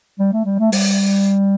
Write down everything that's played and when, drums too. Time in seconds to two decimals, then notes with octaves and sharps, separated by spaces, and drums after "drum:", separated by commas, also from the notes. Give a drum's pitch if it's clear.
0.19 G3
0.33 A3
0.45 G3
0.59 A3
0.72 G3, drum: open hi-hat